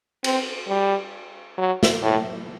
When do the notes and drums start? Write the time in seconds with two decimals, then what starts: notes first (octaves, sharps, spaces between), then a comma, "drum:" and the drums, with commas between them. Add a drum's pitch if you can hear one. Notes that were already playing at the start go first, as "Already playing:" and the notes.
0.24 C4, drum: cymbal
0.69 G3
1.58 F#3
1.83 drum: snare
2.02 A2